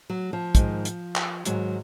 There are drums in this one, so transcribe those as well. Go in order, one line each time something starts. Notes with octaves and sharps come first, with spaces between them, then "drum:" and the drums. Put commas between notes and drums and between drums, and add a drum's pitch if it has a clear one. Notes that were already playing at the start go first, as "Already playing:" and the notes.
F#3
F3
G#2 D#3, drum: kick, hi-hat
drum: hi-hat
drum: clap
G#2 D#3 F#3, drum: hi-hat